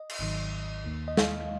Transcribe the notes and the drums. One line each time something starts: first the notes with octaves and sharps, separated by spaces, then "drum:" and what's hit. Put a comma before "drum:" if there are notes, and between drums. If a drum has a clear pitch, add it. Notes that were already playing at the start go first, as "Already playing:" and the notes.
Already playing: D#5
drum: cymbal
G#1 G#2 D#3 F#3
D#2 D#3 A#3
D#5
F5, drum: snare